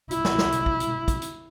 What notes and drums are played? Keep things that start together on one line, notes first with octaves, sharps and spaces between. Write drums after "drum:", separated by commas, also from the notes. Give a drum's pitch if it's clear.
E4, drum: hi-hat
drum: snare
drum: snare
drum: hi-hat
drum: kick
drum: hi-hat
drum: kick, hi-hat
drum: hi-hat